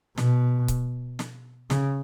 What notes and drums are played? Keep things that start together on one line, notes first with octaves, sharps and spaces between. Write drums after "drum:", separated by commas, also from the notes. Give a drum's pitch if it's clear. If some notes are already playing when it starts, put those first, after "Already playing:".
B2, drum: snare
drum: kick C#1, hi-hat
drum: snare
C#3, drum: snare